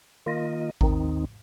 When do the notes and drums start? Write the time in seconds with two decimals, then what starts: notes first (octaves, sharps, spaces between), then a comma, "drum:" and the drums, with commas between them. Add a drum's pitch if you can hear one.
0.26 D#3 A#3 F4 D#5
0.81 D#2 D#3 C4 D#4, drum: kick G#1